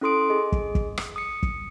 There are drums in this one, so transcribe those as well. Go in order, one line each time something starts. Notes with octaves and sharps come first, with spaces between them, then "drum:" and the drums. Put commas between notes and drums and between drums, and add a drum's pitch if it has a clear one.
C#4 E4 A4 C6 D#6 D7
G#4 D#5
drum: kick
drum: kick
drum: rim click
D#6 C#7
drum: kick